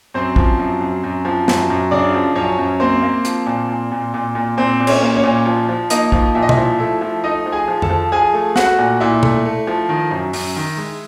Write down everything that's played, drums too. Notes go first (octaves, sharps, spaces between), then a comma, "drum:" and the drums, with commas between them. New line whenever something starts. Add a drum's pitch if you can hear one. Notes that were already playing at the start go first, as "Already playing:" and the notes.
F#2 C4 C5
F3, drum: kick
F#2
F#2
F#2
F3
F#2, drum: snare
F#2
C#3 D4 D5
F3
F#2 C#4 C#5
F#2
A#3 C4 C5
A#3
F3, drum: hi-hat
A#2
A#2
A#2
A#2
A#2
A#2 C4 C5
A#2
C#4 C#5, drum: cymbal
A#3
C#4 C#5
A#2
F3
F3
A#3 D#4 D#5, drum: hi-hat
F3, drum: kick
A#2 E5
D#5
E4 E5, drum: tom B2
F3
A3 E4 E5
F3
A3 D#4 D#5
F3
G#4 G#5
F3
A4 A5, drum: tom F2
F3
F3 G#4 G#5
A3
A3 F#4 F#5, drum: snare
A#2
A#2 E4 E5
A3, drum: tom B2
A3
F3
D#3
F#2
F#2, drum: open hi-hat
D#3
G#3